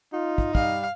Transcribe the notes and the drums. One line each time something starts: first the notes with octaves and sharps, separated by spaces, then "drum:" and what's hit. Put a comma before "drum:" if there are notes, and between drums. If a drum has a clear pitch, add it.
D#4 F4
drum: kick
G3 F5, drum: kick